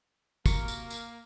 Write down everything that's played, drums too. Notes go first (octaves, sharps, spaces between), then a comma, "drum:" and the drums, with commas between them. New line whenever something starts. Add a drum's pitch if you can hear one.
D#2 C3 A#3 F#4 A#4 C#6, drum: kick, tambourine
drum: tambourine
drum: tambourine